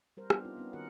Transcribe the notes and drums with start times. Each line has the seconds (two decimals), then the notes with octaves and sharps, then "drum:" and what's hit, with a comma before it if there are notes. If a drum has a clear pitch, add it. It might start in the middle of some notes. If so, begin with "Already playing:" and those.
0.17 G3 A#4 C5
0.30 G3 B3 D4 F4 G4, drum: rim click
0.45 C4 D#4 F4
0.57 B3 C#4 D#4
0.73 D#3 F#4 A#4 F#5